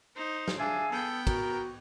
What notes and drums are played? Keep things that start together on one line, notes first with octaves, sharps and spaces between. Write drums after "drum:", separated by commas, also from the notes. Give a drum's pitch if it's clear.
D#4 C5
drum: snare
D4 G#4 E5 F5 G#5
B3 A4 G5
F#4 A#4, drum: kick, cymbal